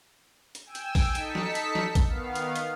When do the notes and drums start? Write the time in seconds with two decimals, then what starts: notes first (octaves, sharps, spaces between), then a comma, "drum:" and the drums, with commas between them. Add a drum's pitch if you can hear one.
0.55 drum: hi-hat
0.66 G5 G#5 E6
0.75 drum: hi-hat
0.95 drum: kick, open hi-hat
1.15 D#4 A4 A5 B6 C#7, drum: hi-hat
1.35 drum: snare
1.55 drum: hi-hat
1.75 drum: snare
1.95 drum: kick, hi-hat
2.08 D#3 B3 F5
2.35 drum: hi-hat
2.56 drum: hi-hat